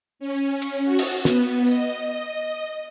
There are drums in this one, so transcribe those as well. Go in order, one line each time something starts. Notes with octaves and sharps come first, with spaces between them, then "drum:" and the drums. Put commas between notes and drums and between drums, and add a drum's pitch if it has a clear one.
C#4
drum: cymbal
F#4
drum: cymbal
B3, drum: snare
D#5, drum: tambourine